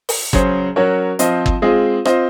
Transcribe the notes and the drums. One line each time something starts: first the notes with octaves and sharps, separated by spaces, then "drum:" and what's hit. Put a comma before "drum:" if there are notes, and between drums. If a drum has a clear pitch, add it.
drum: open hi-hat
C#3 F#3 C#4 G#4 C5, drum: kick
F#3 C#4 F#4 A#4 C#5
F3 C4 F4 C5 D#5, drum: hi-hat
drum: kick
G#3 C4 F4 G#4 D#5
C4 F4 C5 D#5, drum: rim click